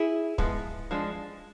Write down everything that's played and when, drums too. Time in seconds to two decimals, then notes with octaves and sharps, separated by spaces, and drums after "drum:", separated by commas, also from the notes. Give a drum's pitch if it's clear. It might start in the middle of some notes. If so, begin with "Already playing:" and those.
Already playing: E4 G#4
0.38 F3 G#3 B3, drum: kick
0.91 F3 G#3 D4